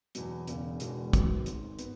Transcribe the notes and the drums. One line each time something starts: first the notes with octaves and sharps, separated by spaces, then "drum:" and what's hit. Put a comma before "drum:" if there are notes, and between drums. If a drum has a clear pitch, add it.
E2 B2 F#3, drum: hi-hat
E1 E2 C#3, drum: hi-hat
E1 E2 B2 G#3, drum: hi-hat
G#1 F#2 F#3 B3, drum: kick, hi-hat
G#1 G#2 G#3, drum: hi-hat
B3, drum: hi-hat